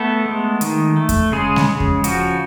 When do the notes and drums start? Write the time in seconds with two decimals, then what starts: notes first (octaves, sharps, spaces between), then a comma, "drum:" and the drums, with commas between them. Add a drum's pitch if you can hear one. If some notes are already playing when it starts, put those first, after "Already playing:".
Already playing: A3 B3 A4
0.26 G#3
0.61 D#3, drum: hi-hat
0.97 A3
1.09 drum: kick E2, hi-hat
1.32 C#3 G#3 G#4
1.56 drum: snare G3
1.69 C#3
1.80 drum: kick E2
2.04 F3 F#4, drum: hi-hat